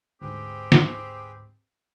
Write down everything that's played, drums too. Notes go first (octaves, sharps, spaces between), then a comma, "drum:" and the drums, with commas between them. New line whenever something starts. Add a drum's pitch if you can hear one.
D2 G#2 C4 G4 G#4 B4 G5
drum: snare